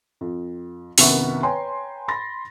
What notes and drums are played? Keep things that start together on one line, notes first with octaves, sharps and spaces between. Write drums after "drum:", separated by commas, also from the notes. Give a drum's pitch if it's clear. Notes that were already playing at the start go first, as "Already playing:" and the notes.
F2
C2 F#2 D#3 B3 E5 C#6, drum: open hi-hat
B4 C#5 G5 G#5 A#5 C6
B5 C6 A6 A#6